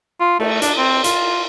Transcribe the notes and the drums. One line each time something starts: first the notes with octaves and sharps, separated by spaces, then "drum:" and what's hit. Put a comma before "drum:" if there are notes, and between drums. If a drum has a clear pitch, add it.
F4
A3, drum: cymbal
D4, drum: hi-hat
C4
F4, drum: hi-hat